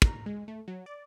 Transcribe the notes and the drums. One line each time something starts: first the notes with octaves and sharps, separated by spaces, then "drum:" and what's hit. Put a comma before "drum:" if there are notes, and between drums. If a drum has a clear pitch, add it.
A#5, drum: kick
G#3
A3
F#3
D5